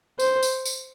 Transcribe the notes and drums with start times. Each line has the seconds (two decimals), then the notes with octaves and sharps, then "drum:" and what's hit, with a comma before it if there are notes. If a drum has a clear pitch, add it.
0.19 C5, drum: tambourine
0.43 drum: tambourine
0.65 drum: tambourine